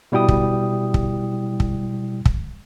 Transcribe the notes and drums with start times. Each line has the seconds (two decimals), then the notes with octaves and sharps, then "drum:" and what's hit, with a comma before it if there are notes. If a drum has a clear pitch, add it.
0.12 B2 G3 E4 G5 D#6
0.28 drum: kick
0.94 drum: kick
1.60 drum: kick
2.25 drum: kick